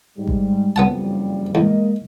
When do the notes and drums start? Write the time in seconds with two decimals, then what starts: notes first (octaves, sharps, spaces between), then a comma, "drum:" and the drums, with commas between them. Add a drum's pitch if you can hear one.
0.18 G#2 G3
0.27 drum: kick G#1
0.76 F#1 F2 G3 B3 F#5 A5
1.55 E2 G#3 A#3 D#5